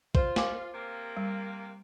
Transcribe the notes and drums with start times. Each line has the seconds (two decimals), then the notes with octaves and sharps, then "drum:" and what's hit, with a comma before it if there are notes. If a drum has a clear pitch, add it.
0.15 F4 C5, drum: kick
0.36 F5 G#5 D6, drum: snare
0.74 C3 A#3
1.17 G3